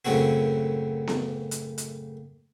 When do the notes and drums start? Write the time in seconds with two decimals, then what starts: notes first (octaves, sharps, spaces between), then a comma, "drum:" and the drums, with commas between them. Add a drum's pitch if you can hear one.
0.05 F#2 A2 C#3 A#3 C4 F#4
1.07 drum: snare B3
1.51 drum: hi-hat
1.78 drum: hi-hat